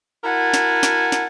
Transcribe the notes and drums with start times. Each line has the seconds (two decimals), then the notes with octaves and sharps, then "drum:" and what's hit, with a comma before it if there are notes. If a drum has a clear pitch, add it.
0.24 E4 F#4 A#4 F#5 G#5 A5
0.54 drum: snare
0.83 drum: snare
1.12 drum: snare